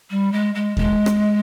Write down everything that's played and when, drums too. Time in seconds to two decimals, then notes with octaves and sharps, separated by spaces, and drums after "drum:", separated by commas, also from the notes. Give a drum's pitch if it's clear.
0.10 G3
0.32 G#3
0.55 G#3
0.77 G#3, drum: kick D#2
1.06 drum: rim click